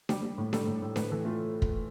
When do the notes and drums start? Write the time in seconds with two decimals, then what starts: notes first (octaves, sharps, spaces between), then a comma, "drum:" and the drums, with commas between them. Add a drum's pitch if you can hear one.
0.09 G3 G4, drum: snare D4
0.23 G3
0.38 A2
0.53 G3 A4, drum: snare D4
0.67 A2
0.82 A2
0.96 A2 B4, drum: snare D4
1.11 E3 A4
1.25 A3 F4
1.62 drum: kick